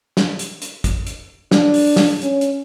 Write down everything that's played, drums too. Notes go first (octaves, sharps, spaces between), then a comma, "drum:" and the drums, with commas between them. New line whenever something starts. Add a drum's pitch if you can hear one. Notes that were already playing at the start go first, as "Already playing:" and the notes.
drum: snare
drum: hi-hat
drum: hi-hat
drum: kick, hi-hat
drum: hi-hat
D4, drum: snare
drum: open hi-hat
drum: snare
C#4, drum: hi-hat
drum: hi-hat